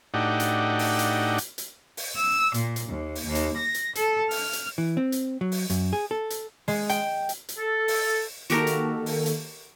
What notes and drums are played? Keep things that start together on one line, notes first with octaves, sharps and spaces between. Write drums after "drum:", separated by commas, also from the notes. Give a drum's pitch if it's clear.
A2 D4 D#4 F#4 G4
drum: hi-hat
drum: open hi-hat
drum: hi-hat
drum: hi-hat
drum: hi-hat
drum: open hi-hat
E6
A#2, drum: hi-hat
drum: hi-hat
D#2
drum: open hi-hat
D#2
drum: hi-hat
A#6
drum: hi-hat
A4, drum: hi-hat
F6, drum: open hi-hat
drum: hi-hat
E3
C4
drum: hi-hat
F#3
drum: open hi-hat
F#2, drum: hi-hat
G#4
A4
drum: hi-hat
G#3, drum: open hi-hat
G5, drum: hi-hat
drum: hi-hat
drum: hi-hat
A4
drum: open hi-hat
D#3 A#3 F#4 G4 A4 A#4, drum: hi-hat
drum: hi-hat
drum: open hi-hat
drum: hi-hat